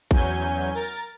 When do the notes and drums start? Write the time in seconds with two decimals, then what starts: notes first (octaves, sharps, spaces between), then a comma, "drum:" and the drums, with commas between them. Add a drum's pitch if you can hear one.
0.11 E2 F#3 C#4 G#5 G6, drum: kick A1
0.74 A#4 A6